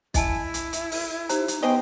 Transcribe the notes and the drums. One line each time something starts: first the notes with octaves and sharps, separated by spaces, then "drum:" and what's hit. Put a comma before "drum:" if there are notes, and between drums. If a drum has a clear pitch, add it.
E4 D#5 G#5 A5, drum: kick, hi-hat
drum: hi-hat
drum: hi-hat
drum: open hi-hat
D#4 G4 C5 A#5, drum: hi-hat
drum: hi-hat
B3 G#4 C5 D#5 G5 C#6